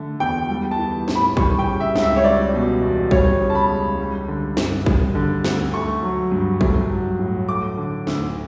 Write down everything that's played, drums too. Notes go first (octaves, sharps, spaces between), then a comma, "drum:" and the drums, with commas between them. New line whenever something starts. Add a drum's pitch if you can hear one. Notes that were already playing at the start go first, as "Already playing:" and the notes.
Already playing: D3 A3
E2 G5
G3
A5
E3
A2, drum: snare
B5
G3 C#6, drum: kick
G5
C#3
E5
C#2, drum: snare
E5
C#5
G3 D5
B2
E2
G3 C#5, drum: kick
C#3
A5
B5
C#2
G3
D3
G2, drum: snare
G3, drum: kick
D3
D2, drum: snare
A3 C#6
F#3
G2
A3, drum: kick
F#3
A2
A3 D6
D3
D2, drum: snare